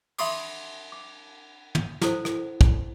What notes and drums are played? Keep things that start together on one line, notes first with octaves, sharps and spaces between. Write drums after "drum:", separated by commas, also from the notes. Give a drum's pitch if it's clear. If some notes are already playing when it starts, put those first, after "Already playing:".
E5 B5 C6 D6 D#6, drum: cymbal
D6
drum: tom
E4 A4 C5, drum: snare
drum: rim click
drum: kick